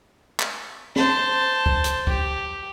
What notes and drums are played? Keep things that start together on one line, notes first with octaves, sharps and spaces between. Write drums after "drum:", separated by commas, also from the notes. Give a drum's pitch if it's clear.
drum: clap
C5 A5, drum: snare
drum: kick
drum: hi-hat
G4, drum: kick